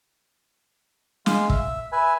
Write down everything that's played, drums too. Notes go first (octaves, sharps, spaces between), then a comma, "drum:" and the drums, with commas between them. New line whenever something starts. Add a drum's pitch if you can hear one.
G#3 F5, drum: snare
E5, drum: kick
B4 E5 G#5